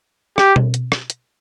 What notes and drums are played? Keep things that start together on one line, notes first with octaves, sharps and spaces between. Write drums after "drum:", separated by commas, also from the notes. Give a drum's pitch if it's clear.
G4, drum: rim click
drum: tom B2
drum: hi-hat
drum: rim click
drum: hi-hat